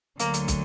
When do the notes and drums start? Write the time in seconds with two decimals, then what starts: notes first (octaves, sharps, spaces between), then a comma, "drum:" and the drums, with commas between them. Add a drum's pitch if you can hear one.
0.19 D2 D3 F#3 A#3, drum: hi-hat
0.34 drum: hi-hat
0.48 drum: kick, hi-hat